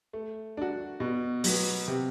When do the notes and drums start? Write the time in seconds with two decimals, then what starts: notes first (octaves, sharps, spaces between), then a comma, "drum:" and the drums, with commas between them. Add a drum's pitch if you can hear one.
0.13 A3
0.57 D4 F#4
1.00 B2
1.44 F#3 B3, drum: open hi-hat
1.88 C3